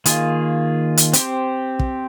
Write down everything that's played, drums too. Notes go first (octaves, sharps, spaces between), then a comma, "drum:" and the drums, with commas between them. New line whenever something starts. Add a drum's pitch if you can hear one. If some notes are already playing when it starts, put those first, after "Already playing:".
D#3 A#3 F4 G#4, drum: hi-hat
drum: hi-hat
C4 G4 C5, drum: hi-hat
drum: kick